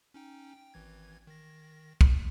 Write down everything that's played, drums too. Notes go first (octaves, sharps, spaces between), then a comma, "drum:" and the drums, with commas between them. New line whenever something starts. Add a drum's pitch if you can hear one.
C#4 D#4 G5
G5
G#1 E3 G#6
D#3 A#6
G#1 F#2, drum: kick